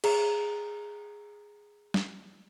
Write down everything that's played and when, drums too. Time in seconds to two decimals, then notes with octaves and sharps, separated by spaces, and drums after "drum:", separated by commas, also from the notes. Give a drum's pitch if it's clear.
0.04 G#4 A#5, drum: cymbal
1.94 drum: snare